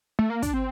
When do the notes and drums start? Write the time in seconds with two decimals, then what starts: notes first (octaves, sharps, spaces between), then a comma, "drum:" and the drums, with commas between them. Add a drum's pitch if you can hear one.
0.19 A3
0.30 A#3
0.42 D4, drum: kick, hi-hat
0.54 C4